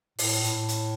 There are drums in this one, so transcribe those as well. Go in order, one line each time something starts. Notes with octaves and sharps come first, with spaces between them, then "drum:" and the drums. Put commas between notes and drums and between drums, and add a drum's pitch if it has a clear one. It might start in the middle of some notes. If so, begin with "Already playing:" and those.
A2, drum: open hi-hat
A2, drum: hi-hat
drum: hi-hat